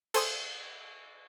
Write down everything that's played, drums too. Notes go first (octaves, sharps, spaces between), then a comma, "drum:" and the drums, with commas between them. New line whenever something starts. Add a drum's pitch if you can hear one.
A4 C5 G#5 C6 D#6, drum: cymbal